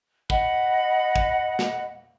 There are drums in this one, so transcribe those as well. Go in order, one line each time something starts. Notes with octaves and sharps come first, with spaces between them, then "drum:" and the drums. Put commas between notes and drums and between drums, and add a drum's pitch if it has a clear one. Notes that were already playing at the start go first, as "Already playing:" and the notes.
D#5 F#5 B5, drum: kick
drum: kick
drum: snare